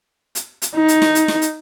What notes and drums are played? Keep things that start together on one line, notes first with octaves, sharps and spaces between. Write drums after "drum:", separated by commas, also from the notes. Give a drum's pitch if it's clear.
drum: hi-hat
drum: hi-hat
D#4
drum: hi-hat
drum: snare
drum: hi-hat
drum: snare
drum: hi-hat